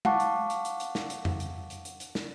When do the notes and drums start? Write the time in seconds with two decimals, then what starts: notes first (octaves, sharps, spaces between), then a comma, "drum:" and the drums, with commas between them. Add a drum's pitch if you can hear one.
0.05 F5 F#5 A5 C#6 D6, drum: tom G#3
0.20 drum: hi-hat
0.50 drum: hi-hat
0.65 drum: hi-hat
0.80 drum: hi-hat
0.95 drum: snare
1.10 drum: hi-hat
1.25 drum: tom F2
1.40 drum: hi-hat
1.70 drum: hi-hat
1.85 drum: hi-hat
2.00 drum: hi-hat
2.15 drum: snare